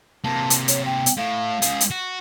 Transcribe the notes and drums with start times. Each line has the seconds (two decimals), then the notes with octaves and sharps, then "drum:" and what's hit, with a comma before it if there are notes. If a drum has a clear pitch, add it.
0.24 C3 A#3 A5
0.50 drum: hi-hat
0.68 C#5, drum: hi-hat
0.86 G5
1.06 drum: hi-hat
1.17 A2 F5
1.62 C#2 G#4, drum: hi-hat
1.80 drum: hi-hat
1.91 F#4